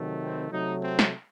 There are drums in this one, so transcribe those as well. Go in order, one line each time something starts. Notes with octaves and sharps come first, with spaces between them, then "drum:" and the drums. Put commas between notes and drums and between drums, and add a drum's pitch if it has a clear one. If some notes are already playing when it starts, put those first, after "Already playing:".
Already playing: C3 D#3 F#3 A3
C4
C3 F#3 A3 D#4
C4
drum: snare